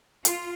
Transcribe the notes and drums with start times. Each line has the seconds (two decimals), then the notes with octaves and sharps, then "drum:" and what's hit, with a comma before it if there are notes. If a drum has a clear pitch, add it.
0.25 F4, drum: hi-hat